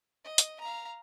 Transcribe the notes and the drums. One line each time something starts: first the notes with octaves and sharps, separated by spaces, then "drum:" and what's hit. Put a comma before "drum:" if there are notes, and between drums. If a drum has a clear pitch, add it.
D#5
drum: hi-hat
F5 A#5